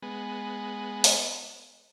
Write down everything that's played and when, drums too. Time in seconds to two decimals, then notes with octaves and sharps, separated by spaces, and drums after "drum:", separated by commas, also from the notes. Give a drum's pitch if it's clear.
0.02 G#3 B3
1.04 drum: open hi-hat